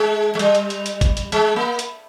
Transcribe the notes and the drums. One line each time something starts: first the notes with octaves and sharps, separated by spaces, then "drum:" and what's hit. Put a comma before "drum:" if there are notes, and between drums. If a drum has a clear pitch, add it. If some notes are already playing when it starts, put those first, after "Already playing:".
Already playing: G#3
G#3
G3, drum: hi-hat
drum: hi-hat
drum: hi-hat
drum: hi-hat
drum: kick, hi-hat
drum: hi-hat
G#3, drum: hi-hat
A#3
drum: hi-hat